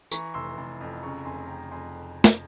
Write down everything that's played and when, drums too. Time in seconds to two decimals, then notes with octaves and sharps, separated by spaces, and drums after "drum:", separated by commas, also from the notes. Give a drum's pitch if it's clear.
0.12 E3 A#5 C#6, drum: tambourine
0.34 F1 C6 E6
0.57 F1
0.81 F2
1.03 C#3 A#5 C#6
1.25 F1 G#5 C6
1.48 F1 G5 A#5
1.71 F2 G#5 C6
2.24 drum: snare